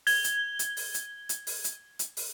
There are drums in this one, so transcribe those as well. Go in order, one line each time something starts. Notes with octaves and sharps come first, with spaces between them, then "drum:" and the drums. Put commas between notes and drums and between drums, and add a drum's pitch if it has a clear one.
G#6 G7, drum: open hi-hat
drum: hi-hat
drum: hi-hat
drum: open hi-hat
drum: hi-hat
drum: hi-hat
drum: open hi-hat
drum: hi-hat
drum: hi-hat
drum: open hi-hat